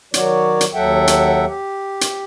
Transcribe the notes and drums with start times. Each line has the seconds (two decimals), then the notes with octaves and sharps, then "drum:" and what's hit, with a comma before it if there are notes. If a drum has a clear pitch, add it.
0.14 D#3 F#3 F#4 C#5 D5, drum: hi-hat
0.61 drum: hi-hat
0.74 D#2 F#3 A4 E5 F#5 G5
1.07 drum: hi-hat
1.46 G4
2.01 drum: hi-hat